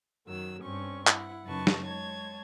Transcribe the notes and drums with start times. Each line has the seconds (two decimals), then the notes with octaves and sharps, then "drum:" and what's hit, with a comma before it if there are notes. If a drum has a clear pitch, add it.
0.26 F#2 D#3 F#3 E6
0.62 G2 C4 C#4 C#6
1.07 E4 F#5, drum: clap
1.44 F#2 C#3 D#4 B4 A5 C#6
1.67 drum: snare
1.84 G#3 C#5 A5 G#6